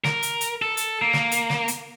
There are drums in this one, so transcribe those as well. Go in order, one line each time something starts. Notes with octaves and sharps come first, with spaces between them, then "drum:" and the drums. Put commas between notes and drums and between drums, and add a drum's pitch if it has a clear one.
A#4, drum: snare
drum: hi-hat
drum: hi-hat
A4
drum: hi-hat
A#3
drum: snare
drum: hi-hat
drum: snare
drum: hi-hat